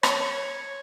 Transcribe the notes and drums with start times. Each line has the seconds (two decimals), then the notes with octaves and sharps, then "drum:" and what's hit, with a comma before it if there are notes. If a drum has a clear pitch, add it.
0.03 C#5, drum: rim click